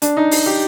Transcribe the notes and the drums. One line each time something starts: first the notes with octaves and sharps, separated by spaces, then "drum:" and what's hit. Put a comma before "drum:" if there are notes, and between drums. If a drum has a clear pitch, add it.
D4, drum: hi-hat
D#4
drum: open hi-hat
G4